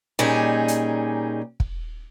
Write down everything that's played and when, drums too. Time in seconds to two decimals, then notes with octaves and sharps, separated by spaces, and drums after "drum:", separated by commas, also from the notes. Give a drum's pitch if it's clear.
0.19 A#2 G3 C#4 D#4 G#4
0.68 drum: hi-hat
1.60 drum: kick